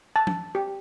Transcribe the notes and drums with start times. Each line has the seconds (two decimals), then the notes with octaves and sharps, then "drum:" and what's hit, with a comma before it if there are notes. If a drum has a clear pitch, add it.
0.16 A5
0.27 drum: tom F3
0.55 G4